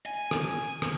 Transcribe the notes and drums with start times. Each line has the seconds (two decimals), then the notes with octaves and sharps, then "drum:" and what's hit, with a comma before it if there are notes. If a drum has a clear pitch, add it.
0.06 G#5
0.31 drum: rim click
0.82 drum: rim click